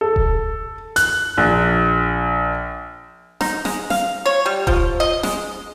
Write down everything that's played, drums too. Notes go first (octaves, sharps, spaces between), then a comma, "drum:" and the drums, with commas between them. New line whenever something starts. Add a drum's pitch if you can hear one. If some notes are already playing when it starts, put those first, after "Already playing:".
A4
drum: kick D#1
F#6, drum: hi-hat
A#1
D#4, drum: snare
G#3, drum: snare
F5, drum: snare
C#5
G3
F3, drum: kick D#1
D#5
G#3, drum: snare